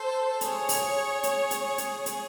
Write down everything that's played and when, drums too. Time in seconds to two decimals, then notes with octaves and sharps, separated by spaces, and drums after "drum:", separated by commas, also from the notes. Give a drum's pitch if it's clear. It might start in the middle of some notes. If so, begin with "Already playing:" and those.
Already playing: A4 C5
0.41 G#4 C#5, drum: hi-hat
0.69 drum: open hi-hat
1.23 drum: hi-hat
1.51 drum: hi-hat
1.78 drum: hi-hat
2.06 G#4, drum: hi-hat